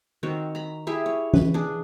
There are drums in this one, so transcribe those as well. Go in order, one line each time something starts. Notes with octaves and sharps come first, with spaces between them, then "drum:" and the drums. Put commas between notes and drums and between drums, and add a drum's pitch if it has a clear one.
D#3 C4 F#4 C#5
A#5 B5
E4 G4 G#4 E5
C#5
B4, drum: tom E3
D4 G#4